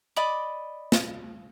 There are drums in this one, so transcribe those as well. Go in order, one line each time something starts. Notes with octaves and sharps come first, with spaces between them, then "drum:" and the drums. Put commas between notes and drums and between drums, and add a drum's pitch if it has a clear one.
D5 D#5 B5 D6
drum: snare